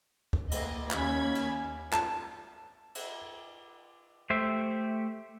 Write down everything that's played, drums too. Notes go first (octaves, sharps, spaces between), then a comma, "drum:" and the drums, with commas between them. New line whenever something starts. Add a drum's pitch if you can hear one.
drum: kick C#2
A#3 D#5, drum: cymbal
D#2 C#4 B5 G#6, drum: clap
drum: cymbal
A5, drum: clap
drum: cymbal
A3 G4 C5 E5